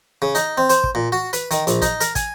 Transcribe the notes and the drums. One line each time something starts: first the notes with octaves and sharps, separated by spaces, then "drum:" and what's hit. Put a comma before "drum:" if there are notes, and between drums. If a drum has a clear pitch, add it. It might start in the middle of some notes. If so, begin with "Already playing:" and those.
C#3
D#4, drum: hi-hat
C4
C5, drum: hi-hat
drum: kick
A#2
F#4
B4, drum: hi-hat
D#3, drum: hi-hat
A#1, drum: hi-hat
D#4, drum: kick, hi-hat
A#4, drum: hi-hat
G#5, drum: kick, hi-hat